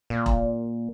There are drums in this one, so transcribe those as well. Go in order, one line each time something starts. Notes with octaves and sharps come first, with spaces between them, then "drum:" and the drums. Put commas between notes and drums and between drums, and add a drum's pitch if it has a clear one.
A#2
drum: kick E1